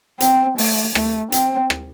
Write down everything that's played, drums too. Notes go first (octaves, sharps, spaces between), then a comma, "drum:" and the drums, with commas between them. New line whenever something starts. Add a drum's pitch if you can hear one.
C4, drum: hi-hat
A3, drum: open hi-hat
A3, drum: rim click
C4, drum: hi-hat
drum: rim click